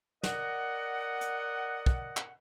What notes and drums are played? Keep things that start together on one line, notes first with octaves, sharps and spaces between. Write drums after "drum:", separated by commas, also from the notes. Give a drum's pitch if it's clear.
A#4 D5 D#5 F#5, drum: snare
drum: hi-hat
drum: kick
drum: clap